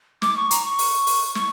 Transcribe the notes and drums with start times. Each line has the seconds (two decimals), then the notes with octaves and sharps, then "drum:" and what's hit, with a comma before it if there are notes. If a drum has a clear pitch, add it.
0.22 D6, drum: snare
0.36 C#6
0.51 A#5, drum: hi-hat
0.65 C#6
0.79 drum: open hi-hat
1.07 drum: open hi-hat
1.35 C#6, drum: snare